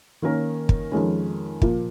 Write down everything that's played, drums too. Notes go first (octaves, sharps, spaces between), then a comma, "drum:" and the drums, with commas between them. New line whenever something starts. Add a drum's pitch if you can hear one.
D#3 A#3 C#4 A#4
drum: kick
F2 D#3 G#3 C#4
A#2 F3 A#3, drum: kick